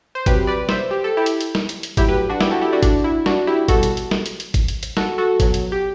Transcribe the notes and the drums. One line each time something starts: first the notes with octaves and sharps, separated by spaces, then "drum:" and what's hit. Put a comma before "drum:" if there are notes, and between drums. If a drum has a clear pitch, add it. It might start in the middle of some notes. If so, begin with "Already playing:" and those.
C5
C3 F#3 G4 B4, drum: kick G#1, hi-hat
B4 D5
C5 E5, drum: snare
G4
A4
E4 G4
drum: hi-hat
drum: hi-hat
drum: snare
drum: hi-hat
drum: hi-hat
A2 F#3 E4 G4, drum: kick G#1, hi-hat
G4 B4
D4 F#4
E4 G4, drum: snare
F#4 A4
E4 G4
D4 F#4
D4, drum: kick G#1, hi-hat
E4
D4 F#4, drum: snare
E4 G4
B2 G3 F#4 A4, drum: kick G#1, hi-hat
drum: hi-hat
drum: hi-hat
drum: snare
drum: hi-hat
drum: hi-hat
drum: kick G#1, hi-hat
drum: hi-hat
drum: hi-hat
F#4 A4, drum: snare
F#4 A4
B2 F#3, drum: kick G#1, hi-hat
drum: hi-hat
G4